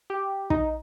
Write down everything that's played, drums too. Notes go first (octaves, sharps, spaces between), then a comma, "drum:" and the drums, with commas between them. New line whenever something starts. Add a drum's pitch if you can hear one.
G4
D#4, drum: kick